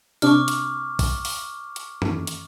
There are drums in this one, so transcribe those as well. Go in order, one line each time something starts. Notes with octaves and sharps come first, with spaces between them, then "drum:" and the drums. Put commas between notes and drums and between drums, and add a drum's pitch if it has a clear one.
C3 D4 C#6 D6 F6, drum: hi-hat
drum: hi-hat
drum: kick, open hi-hat
drum: open hi-hat
drum: hi-hat
drum: tom F#2
drum: hi-hat